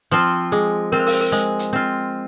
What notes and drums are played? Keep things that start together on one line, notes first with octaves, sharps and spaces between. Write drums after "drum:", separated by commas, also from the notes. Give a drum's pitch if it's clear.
F3 C4 F4
G#3 G#4
C4 F4 A#4
C5
A#4, drum: open hi-hat
C5
A#4
G#3 C5
drum: hi-hat
C4 F4